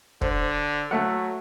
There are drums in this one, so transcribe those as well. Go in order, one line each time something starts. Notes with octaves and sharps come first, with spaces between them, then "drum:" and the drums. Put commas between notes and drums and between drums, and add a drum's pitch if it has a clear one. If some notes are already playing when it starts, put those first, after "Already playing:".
D3 C5, drum: kick
F#3 A3 F#5